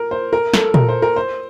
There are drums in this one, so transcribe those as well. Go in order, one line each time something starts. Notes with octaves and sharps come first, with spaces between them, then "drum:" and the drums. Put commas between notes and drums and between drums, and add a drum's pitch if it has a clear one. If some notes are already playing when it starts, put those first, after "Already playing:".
Already playing: A#4
C5
A#4
A4, drum: snare
A#4, drum: tom A#2
C5
A#4
C5